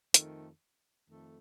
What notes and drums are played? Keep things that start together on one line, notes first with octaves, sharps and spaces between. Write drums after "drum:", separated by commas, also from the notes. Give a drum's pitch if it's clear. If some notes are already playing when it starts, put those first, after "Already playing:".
F2 D#3 A3, drum: hi-hat
F2 D#3 A3